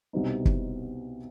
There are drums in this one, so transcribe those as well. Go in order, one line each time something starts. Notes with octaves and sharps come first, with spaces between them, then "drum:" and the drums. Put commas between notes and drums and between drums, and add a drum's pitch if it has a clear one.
C2 B2 G3 C4 D#4
drum: kick